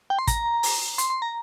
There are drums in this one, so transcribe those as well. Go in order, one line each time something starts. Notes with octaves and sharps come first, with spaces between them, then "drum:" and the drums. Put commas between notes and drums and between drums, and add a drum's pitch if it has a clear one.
G5
C6
A#5, drum: kick, hi-hat
drum: open hi-hat
C6, drum: hi-hat
C6
A#5